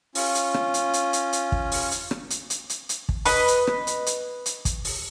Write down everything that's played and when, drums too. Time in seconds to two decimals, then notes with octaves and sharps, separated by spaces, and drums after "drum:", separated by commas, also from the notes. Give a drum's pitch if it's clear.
0.15 C#4 F4, drum: open hi-hat
0.35 drum: hi-hat
0.54 drum: rim click
0.74 drum: hi-hat
0.93 drum: hi-hat
1.13 drum: hi-hat
1.33 drum: hi-hat
1.52 drum: kick
1.72 drum: open hi-hat
1.91 drum: hi-hat
2.11 drum: rim click
2.30 drum: hi-hat
2.50 drum: hi-hat
2.70 drum: hi-hat
2.89 drum: hi-hat
3.09 drum: kick
3.25 B4 D#5, drum: open hi-hat
3.48 drum: hi-hat
3.67 drum: rim click
3.87 drum: hi-hat
4.06 drum: hi-hat
4.46 drum: hi-hat
4.65 drum: kick, hi-hat
4.85 drum: open hi-hat